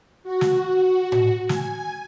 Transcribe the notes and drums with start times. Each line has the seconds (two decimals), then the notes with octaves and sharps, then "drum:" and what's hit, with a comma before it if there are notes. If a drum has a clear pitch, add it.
0.23 F#4
0.41 drum: snare
1.12 drum: tom A2
1.49 G#5, drum: snare